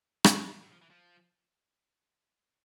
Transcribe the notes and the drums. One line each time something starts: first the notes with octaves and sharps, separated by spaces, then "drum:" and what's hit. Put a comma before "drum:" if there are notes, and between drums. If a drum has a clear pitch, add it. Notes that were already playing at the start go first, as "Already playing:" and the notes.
drum: rim click
A#2
G2
A2
F3
E3
F3